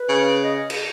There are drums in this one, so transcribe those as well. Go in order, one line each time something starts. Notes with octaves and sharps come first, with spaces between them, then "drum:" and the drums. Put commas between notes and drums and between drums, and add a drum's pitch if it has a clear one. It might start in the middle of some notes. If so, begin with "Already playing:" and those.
Already playing: B4
C#3
D#5
drum: cymbal